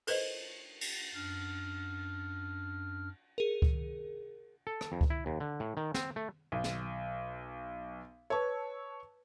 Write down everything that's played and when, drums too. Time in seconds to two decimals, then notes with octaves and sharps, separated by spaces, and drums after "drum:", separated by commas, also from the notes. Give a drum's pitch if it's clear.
0.07 A4 B4 C5 D#5, drum: cymbal
0.81 drum: cymbal
1.14 F#2 D4 F6
3.38 G#4 A#4
3.62 drum: kick C#2
4.67 A4
4.81 drum: rim click
4.92 F2
5.01 drum: kick C#2
5.10 E4
5.26 D#2
5.40 D3
5.60 A2
5.77 D#3
5.94 C4, drum: snare
6.16 A3
6.52 B1
6.64 drum: snare
8.30 B4 C#5 A5 C#6 E6